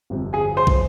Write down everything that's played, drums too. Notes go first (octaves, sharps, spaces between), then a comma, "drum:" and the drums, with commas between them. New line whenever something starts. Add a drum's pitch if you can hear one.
G1 F2 C3
G#4 G#5
C5 C6
drum: kick